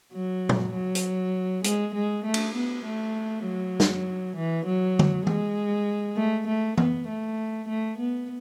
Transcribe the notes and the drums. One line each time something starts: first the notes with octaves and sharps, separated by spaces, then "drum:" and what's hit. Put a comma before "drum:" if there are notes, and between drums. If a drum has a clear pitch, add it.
F#3
drum: tom A#2
F#3
drum: hi-hat
G#3, drum: hi-hat
G#3
A3
drum: cymbal
B3
A3
F#3
drum: snare
E3
F#3
drum: tom D3
G#3, drum: tom E3
A3
A3
B3, drum: tom E3
A3
A3
B3